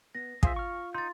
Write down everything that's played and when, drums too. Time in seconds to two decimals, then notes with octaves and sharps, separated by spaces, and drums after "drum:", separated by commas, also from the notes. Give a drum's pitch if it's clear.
0.15 B3 A#6
0.43 F4 G#4 C5 E5 F5, drum: kick
0.56 C#6 F6
0.94 D#4 C6 G6 A6